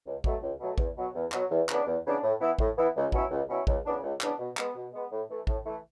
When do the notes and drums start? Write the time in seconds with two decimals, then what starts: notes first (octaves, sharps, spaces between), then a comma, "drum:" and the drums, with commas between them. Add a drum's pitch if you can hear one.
0.06 C#2
0.24 B2 F#3 A3, drum: kick A1
0.42 C#2
0.60 B2 F#3 A3
0.78 E2, drum: kick A1
0.96 B2 F#3
1.14 E2
1.32 B2 F#3, drum: clap
1.50 E2
1.69 C#3 E3 B3 D4, drum: clap
1.86 E2
2.05 C#3 E3 B3 D4
2.22 A2
2.40 E3 B3 E4
2.59 A2, drum: kick A1
2.76 E3 B3 E4
2.95 C#2
3.12 B2 F#3 C#4 E4, drum: kick A1
3.31 C#2
3.48 B2 F#3 C#4 E4
3.67 C#2, drum: kick A1
3.85 C#3 E3 B3 D4
4.02 C#2
4.21 C#3 E3 B3 D4, drum: clap
4.39 B2
4.57 G#3 B3, drum: clap
4.75 B2
4.93 G#3 B3
5.11 A2
5.29 E3 A3
5.47 A2, drum: kick A1
5.65 E3 A3